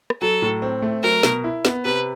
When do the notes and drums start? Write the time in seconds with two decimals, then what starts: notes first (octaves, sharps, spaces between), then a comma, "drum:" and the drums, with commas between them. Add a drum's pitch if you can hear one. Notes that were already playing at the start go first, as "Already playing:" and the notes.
0.10 drum: rim click
0.21 F#3 A4
0.42 A2
0.62 C4
0.82 A3
1.03 F#3 A#4
1.23 B2, drum: snare
1.44 E4
1.65 B3, drum: snare
1.85 C3 B4